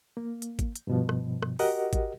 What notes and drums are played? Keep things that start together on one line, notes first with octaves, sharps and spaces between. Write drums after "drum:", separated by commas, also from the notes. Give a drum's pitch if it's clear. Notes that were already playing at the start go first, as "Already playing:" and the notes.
A#3
drum: hi-hat
drum: kick G#1, hi-hat
drum: hi-hat
G2 B2 F3
drum: rim click
drum: rim click
F#4 G4 A#4 D#5 F#5, drum: open hi-hat
drum: kick G#1, hi-hat